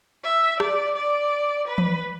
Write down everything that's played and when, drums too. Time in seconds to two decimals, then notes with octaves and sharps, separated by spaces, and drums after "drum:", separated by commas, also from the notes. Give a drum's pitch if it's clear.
0.24 E5
0.60 D5, drum: rim click
0.96 D5
1.68 B4
1.78 drum: tom E3